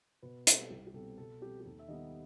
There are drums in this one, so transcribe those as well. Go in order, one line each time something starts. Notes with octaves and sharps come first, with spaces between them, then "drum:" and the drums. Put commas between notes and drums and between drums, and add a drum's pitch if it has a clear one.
B2 B4
G3 C4 A4, drum: hi-hat
C2 G4
G4
B2 G3 C4 A4
B2 A4
G3 C4 G4
G4
D#2 A4
E5
D#3 G3 B3 D#5